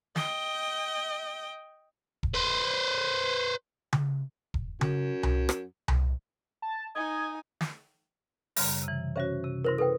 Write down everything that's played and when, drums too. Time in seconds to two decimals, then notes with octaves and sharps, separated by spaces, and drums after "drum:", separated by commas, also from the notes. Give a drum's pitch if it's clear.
0.16 D#5 G5, drum: snare
2.23 drum: kick E1
2.35 B4 C5
3.93 drum: tom C#3
4.54 drum: kick E1
4.81 F#2, drum: tom C#3
5.23 drum: tom C2
5.49 drum: rim click
5.88 drum: tom C2
6.62 A5
6.95 D#4 D#5 G#5 G#6
7.61 drum: snare
8.56 F#2 C#3 G3, drum: open hi-hat
8.84 C3 E3
9.16 C#4 F#4 C5 C#5 E5
9.44 C3
9.65 E4 A#4 C5 C6 A#6
9.78 A4 B4 G5 D#6